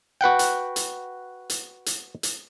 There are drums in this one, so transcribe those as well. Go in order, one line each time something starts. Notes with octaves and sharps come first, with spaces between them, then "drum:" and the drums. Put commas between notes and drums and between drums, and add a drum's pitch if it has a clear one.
F#4 B4 F#5 G5
drum: hi-hat
drum: hi-hat
drum: hi-hat
drum: hi-hat
drum: hi-hat